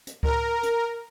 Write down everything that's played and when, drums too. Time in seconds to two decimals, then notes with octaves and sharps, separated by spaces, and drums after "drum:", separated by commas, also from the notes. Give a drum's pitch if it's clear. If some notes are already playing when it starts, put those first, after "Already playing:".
0.07 drum: hi-hat
0.23 A#4, drum: kick C#2
0.63 drum: hi-hat